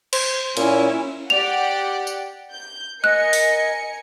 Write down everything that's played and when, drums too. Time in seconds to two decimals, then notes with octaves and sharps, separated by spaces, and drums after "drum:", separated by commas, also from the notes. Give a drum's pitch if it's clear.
0.13 C5, drum: cymbal
0.57 A#2 C#4 E4, drum: cymbal
1.30 G4 D5 F#5 F7
2.07 drum: tambourine
2.53 G6
3.04 A#4 D#5 G#5 F#6 C#7
3.33 drum: open hi-hat